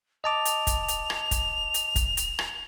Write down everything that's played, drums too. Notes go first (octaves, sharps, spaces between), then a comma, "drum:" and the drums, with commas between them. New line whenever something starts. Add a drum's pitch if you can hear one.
D#5 A5 D6 F7
drum: hi-hat
drum: kick, hi-hat
drum: hi-hat
drum: rim click
drum: kick, hi-hat
drum: hi-hat
drum: kick, hi-hat
drum: hi-hat
drum: rim click